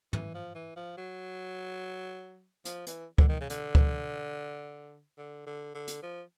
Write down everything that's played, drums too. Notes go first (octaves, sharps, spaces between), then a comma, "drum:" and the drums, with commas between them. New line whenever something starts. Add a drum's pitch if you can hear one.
E3, drum: tom
F3
E3
F3
F#3
F3, drum: hi-hat
E3, drum: hi-hat
D3, drum: kick C#2
D#3
C#3
D3, drum: hi-hat
drum: kick C#2
D3
D3
D3
drum: hi-hat
F3